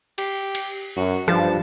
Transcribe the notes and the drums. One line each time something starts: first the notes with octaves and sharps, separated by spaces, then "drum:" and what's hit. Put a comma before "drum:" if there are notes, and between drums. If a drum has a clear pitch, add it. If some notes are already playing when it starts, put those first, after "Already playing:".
G4, drum: cymbal
drum: cymbal
F#2 F#4
G2 F3 A5, drum: rim click